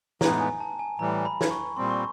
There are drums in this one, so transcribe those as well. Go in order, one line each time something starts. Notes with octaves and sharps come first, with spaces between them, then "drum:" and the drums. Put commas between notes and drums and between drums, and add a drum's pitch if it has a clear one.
A2 E3 G#3 B3 D#4 A#5, drum: snare
G#5
A5
G#5
A2 E3 G3 A#5
B5
drum: snare
C#6
A#2 G3 C4 C6
C#6